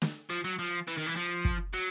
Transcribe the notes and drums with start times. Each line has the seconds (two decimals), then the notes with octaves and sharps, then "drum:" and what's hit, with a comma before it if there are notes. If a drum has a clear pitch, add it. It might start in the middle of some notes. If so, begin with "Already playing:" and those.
0.02 drum: snare
0.30 F3
0.44 F#3
0.59 F3
0.88 E3
0.97 D#3
1.06 E3
1.16 F3
1.45 drum: kick
1.74 F#3